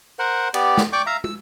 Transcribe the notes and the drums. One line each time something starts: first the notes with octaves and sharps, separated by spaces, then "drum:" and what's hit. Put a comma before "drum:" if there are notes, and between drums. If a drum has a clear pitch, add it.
A#4 C5 F#5
B3 G4 D5, drum: cymbal
drum: snare
D5 G5 C#6 D6
E5 F5 A#5
E6, drum: tom